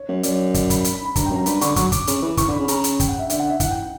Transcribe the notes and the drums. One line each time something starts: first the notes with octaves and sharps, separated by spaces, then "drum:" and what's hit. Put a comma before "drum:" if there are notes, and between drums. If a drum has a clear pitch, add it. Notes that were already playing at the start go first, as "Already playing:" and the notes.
Already playing: C#5
F#2
F#2 D5, drum: hi-hat
C#5
D5, drum: kick, hi-hat
B5, drum: kick, hi-hat
B5, drum: hi-hat
B5
B5
G2 A#5, drum: kick, hi-hat
G5
F#2
A#5
G2 B5, drum: hi-hat
D3 C#6, drum: hi-hat
F#3 C#6, drum: kick, hi-hat
D6, drum: kick, hi-hat
C#3, drum: hi-hat
E3
E3 C#6, drum: kick, hi-hat
D3
C#3 B5
C#3 A#5, drum: hi-hat
drum: hi-hat
G5, drum: kick, hi-hat
F#5
E5
D3 E5, drum: hi-hat
F#5
E5
E3 F#5, drum: kick, hi-hat
G5